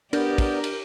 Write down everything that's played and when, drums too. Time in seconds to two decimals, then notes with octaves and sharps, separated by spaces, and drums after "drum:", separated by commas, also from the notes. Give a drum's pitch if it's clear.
0.13 B3 D4 G4 A#4 D5 G6, drum: cymbal
0.38 drum: kick, cymbal
0.64 drum: cymbal